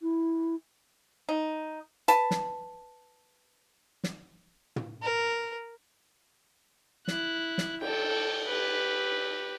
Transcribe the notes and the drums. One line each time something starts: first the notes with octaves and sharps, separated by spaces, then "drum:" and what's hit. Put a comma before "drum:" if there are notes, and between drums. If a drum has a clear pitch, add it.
E4
D#4
B4 A5, drum: hi-hat
drum: snare
drum: snare
drum: tom
A#4
E4 F#6, drum: snare
drum: snare
A4 G5, drum: cymbal
G4 B4